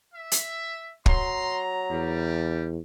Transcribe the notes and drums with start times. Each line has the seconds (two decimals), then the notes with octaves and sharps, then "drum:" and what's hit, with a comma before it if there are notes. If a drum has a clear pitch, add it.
0.15 E5
0.32 drum: hi-hat
1.06 F#3 A#5 C6, drum: kick
1.90 E2 G3